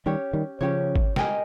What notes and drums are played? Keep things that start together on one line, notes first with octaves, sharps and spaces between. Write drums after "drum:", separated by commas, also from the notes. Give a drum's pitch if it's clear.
D#3 G3 C#4 G4 C#5
D#3 G3
C#3 F3 C#4 G4 C#5
drum: kick G#1
G4 A#4 D#5 G#5, drum: snare